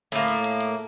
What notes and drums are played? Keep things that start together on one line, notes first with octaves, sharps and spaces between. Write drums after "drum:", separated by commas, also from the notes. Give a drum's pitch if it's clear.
A2 A#3, drum: open hi-hat
drum: open hi-hat
drum: hi-hat
drum: hi-hat